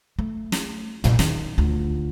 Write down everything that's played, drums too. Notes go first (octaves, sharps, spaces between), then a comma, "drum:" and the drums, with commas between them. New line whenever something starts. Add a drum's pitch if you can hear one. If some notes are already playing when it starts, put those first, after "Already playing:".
A3
drum: snare
B1 A#2, drum: tom
D#3, drum: snare
D2 F4